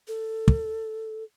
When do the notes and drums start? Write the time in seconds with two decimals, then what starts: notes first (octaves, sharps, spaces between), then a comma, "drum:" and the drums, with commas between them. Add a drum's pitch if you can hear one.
0.08 A4
0.48 drum: kick